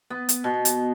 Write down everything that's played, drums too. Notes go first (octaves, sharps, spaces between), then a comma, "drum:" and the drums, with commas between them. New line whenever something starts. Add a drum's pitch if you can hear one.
B3
drum: hi-hat
B2
drum: hi-hat